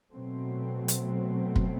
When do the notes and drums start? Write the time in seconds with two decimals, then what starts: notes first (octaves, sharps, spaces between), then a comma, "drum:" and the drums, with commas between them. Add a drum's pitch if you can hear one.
0.13 B2 F#3 A3 C4
0.88 drum: hi-hat
1.56 drum: kick